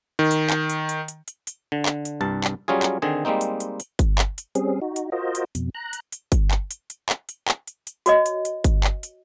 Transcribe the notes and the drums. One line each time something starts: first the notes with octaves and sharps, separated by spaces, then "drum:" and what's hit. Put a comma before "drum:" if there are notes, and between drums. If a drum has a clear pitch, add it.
D#3
drum: hi-hat
drum: clap
drum: hi-hat
drum: hi-hat
drum: hi-hat
drum: hi-hat
drum: hi-hat
D3
drum: clap
drum: hi-hat
C2 G2 A5
drum: clap
F#3 G3 C#4 F4 G#4
drum: clap
D3 D#3 C4 G#4
G3 G#3 A#3 C4 D#4
drum: hi-hat
drum: hi-hat
drum: hi-hat
drum: kick G1, hi-hat
drum: clap
drum: hi-hat
G3 C4 C#4 G#4, drum: hi-hat
D#4 F#4
drum: hi-hat
F4 F#4 A#4 C5 D#5
drum: hi-hat
F2 B2, drum: hi-hat
A#5 F#6
drum: hi-hat
drum: hi-hat
drum: kick G1, hi-hat
drum: clap
drum: hi-hat
drum: hi-hat
drum: clap
drum: hi-hat
drum: clap
drum: hi-hat
drum: hi-hat
F#4 C#5 D#5, drum: hi-hat
drum: hi-hat
drum: hi-hat
drum: kick G1, hi-hat
drum: clap
drum: hi-hat